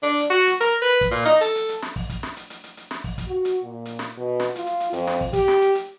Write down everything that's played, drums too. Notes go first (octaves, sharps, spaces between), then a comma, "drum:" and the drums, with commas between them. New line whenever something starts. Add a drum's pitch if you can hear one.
D4
drum: hi-hat
F#4
drum: hi-hat
A#4, drum: hi-hat
B4
drum: kick, hi-hat
A#2
D#4, drum: hi-hat
A4, drum: hi-hat
drum: hi-hat
drum: hi-hat
drum: snare
drum: kick, open hi-hat
drum: kick, hi-hat
drum: snare
drum: hi-hat
drum: hi-hat
drum: hi-hat
drum: hi-hat
drum: snare
drum: kick, open hi-hat
drum: kick, hi-hat
F#4
drum: hi-hat
A#2
drum: hi-hat
drum: snare
B2
drum: snare
F4, drum: hi-hat
drum: hi-hat
drum: hi-hat
F2, drum: hi-hat
drum: snare
drum: kick, open hi-hat
G4, drum: kick, hi-hat
drum: snare
drum: hi-hat
drum: hi-hat